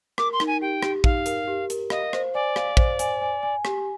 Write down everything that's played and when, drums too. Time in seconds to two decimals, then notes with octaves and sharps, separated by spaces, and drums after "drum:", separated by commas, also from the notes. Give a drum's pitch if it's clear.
0.18 A#4 D6, drum: rim click
0.33 C6
0.40 D#4, drum: rim click
0.47 G#5
0.61 G4 G5
0.83 G4, drum: rim click
1.04 D#4 F5, drum: kick
1.26 A#4, drum: hi-hat
1.48 G4
1.70 A#4, drum: hi-hat
1.90 D#5 F5, drum: rim click
2.13 C5, drum: rim click
2.34 D5 G#5
2.56 F5, drum: rim click
2.77 C5, drum: kick
2.99 G#5, drum: hi-hat
3.21 G#5
3.43 G#5
3.65 G4, drum: rim click